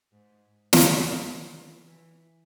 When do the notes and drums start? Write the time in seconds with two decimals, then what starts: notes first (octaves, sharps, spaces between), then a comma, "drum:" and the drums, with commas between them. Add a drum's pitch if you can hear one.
0.12 G#2
0.73 drum: snare
0.82 C#3
1.17 E3
1.52 E3
1.87 E3